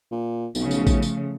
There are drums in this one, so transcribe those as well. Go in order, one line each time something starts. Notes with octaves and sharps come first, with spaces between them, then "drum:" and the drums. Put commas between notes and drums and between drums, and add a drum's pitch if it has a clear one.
A#2
B1 C#3 F3 A3, drum: tambourine
drum: tambourine
drum: kick A1, tambourine
drum: tambourine